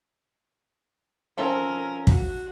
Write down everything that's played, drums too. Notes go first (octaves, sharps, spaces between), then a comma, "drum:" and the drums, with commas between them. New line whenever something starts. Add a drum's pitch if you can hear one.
F3 C4 C#4 A4 A#4
F#4, drum: kick